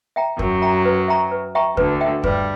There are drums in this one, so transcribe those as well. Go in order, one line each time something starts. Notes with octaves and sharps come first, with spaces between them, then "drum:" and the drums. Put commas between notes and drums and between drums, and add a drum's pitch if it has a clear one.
E5 G5 A#5
F#2 F#3 A#4, drum: kick
E5 G5 A#5
B4
E5 G5 A#5 C#6
B4
E5 G5 A#5 C#6
D2 D3 B4, drum: kick
E5 G5
G2 G3 B4, drum: kick